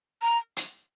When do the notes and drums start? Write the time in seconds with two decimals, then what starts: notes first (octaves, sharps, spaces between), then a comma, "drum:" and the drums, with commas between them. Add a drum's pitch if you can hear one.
0.22 A#5
0.57 drum: hi-hat